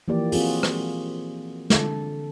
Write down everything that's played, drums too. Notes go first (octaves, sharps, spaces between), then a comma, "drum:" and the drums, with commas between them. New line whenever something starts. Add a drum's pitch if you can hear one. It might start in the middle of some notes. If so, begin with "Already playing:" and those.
E3 F3 A#3 G4 D5
C4 F4 F#4 G#4, drum: open hi-hat
drum: rim click
D3 A4, drum: snare